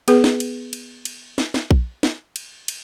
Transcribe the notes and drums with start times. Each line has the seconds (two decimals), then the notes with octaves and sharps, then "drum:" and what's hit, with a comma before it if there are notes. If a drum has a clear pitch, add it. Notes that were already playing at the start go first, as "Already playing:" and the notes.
0.08 B3 G#4 B4, drum: cymbal
0.24 drum: snare
0.40 drum: cymbal
0.73 drum: cymbal
1.05 drum: cymbal
1.38 drum: snare
1.54 drum: snare
1.71 drum: kick A#1
2.03 drum: snare
2.36 drum: cymbal
2.68 drum: cymbal